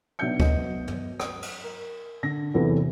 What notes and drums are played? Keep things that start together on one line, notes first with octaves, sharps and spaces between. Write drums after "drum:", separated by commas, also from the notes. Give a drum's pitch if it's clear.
B1 B3 D4 E5 G6 C#7
F#3 B3 D#5, drum: kick D2
drum: tom
D#6, drum: rim click
drum: cymbal
A#4
D3 A#6
E2 C3 E3 F#3 A4